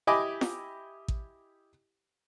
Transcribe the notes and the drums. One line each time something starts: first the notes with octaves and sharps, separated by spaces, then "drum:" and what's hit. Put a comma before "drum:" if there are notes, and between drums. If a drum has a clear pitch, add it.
E4 G4 D#5 G#5 B5 D6
drum: snare F4
drum: kick A1